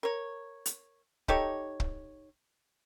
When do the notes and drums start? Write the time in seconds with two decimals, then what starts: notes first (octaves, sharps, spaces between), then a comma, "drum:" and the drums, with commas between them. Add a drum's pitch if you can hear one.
0.03 A#4 C#5
0.66 drum: hi-hat
1.28 D#4 G4 A4 C#5, drum: kick
1.80 drum: kick